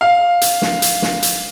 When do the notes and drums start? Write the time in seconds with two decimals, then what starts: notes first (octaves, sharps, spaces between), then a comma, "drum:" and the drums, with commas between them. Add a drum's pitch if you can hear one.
0.01 F5
0.41 drum: hi-hat
0.62 drum: snare
0.82 drum: hi-hat
1.02 drum: snare
1.23 drum: hi-hat